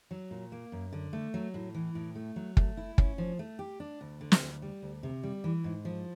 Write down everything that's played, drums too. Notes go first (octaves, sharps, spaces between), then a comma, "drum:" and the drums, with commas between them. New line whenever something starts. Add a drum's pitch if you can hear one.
F#3
A#2
A#3
F#2
D3
A3
F#3
A2
E3
A2
A3
F#3
A3, drum: kick
E4
C#4, drum: kick
F3
A3
G4
D4
D2
D3
drum: snare
D2
G3
D2
C3
G3
E3
G#2
F3